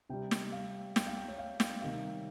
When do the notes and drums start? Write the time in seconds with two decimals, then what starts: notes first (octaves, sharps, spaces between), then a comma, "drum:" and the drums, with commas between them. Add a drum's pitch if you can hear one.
0.09 C3 G3 G5
0.31 drum: snare
0.52 F5
0.96 G5, drum: snare
1.07 F5
1.18 G5
1.28 C#5
1.38 F5
1.60 G5, drum: snare
1.81 C3 D#3 G3 F5